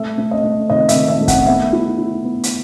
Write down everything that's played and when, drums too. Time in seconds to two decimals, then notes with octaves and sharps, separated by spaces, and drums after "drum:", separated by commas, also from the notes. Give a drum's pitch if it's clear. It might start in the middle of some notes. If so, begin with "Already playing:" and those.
Already playing: A3 E5
0.18 A3
0.31 D#5
0.44 A3
0.70 D#3 D#5
0.89 E5, drum: hi-hat
0.95 D#3
1.08 E5
1.21 A3
1.28 F#5, drum: kick, hi-hat
1.46 B3 E5
1.73 E4
1.98 E4
2.24 B3
2.43 drum: hi-hat